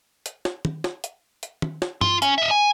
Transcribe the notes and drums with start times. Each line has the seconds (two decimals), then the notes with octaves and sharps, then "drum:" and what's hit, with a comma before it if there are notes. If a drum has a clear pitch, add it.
0.26 drum: hi-hat
0.45 drum: snare
0.65 drum: tom
0.84 drum: snare
1.04 drum: hi-hat
1.43 drum: hi-hat
1.62 drum: tom
1.82 drum: snare
2.01 F4, drum: tom G2
2.22 C#4, drum: hi-hat
2.38 D#5 E5
2.51 G#5